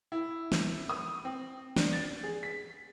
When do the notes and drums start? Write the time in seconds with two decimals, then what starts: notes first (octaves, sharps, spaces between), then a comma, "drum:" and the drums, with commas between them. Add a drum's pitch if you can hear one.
0.12 E4
0.52 drum: snare
0.89 D#6
1.25 C4
1.76 D4, drum: snare
1.93 A6
2.23 G#4
2.43 B6